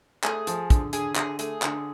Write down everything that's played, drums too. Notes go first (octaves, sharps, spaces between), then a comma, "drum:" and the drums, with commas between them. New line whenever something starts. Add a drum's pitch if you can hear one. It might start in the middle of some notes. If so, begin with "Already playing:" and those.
A3 G#4, drum: clap
F3, drum: hi-hat
D3, drum: kick, hi-hat
D3 G#4, drum: hi-hat
D3 G#4, drum: clap
A3 G#4, drum: hi-hat
D3, drum: clap